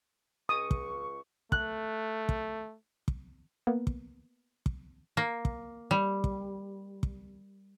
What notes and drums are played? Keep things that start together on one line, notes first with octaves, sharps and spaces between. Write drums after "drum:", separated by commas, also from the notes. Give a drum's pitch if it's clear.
C#2 C#6 D#6
drum: kick
A3 F#6, drum: kick
drum: kick
drum: kick
A#3 B3
drum: kick
drum: kick
A#3
drum: kick
G3
drum: kick
drum: kick